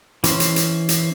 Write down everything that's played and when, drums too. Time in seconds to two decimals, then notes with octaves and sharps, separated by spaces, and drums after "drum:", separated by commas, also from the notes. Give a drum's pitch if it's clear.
0.24 E3 C#4 C5, drum: hi-hat
0.40 drum: hi-hat
0.56 drum: hi-hat
0.89 drum: hi-hat